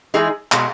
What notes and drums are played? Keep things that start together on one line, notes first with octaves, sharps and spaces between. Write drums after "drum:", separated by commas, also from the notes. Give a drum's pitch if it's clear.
E3 G#3 D#4 G#4
B2 G#3 B3, drum: clap